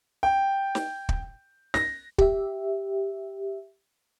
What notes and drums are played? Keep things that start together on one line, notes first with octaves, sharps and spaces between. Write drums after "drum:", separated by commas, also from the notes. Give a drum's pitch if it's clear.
G5
drum: snare
drum: kick
A#6, drum: snare
G4 E5, drum: kick